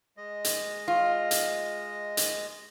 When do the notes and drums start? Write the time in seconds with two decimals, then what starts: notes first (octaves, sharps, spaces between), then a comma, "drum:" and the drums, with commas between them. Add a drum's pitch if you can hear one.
0.17 G#3 D#5
0.44 drum: hi-hat
0.88 F4
1.31 drum: hi-hat
2.17 drum: hi-hat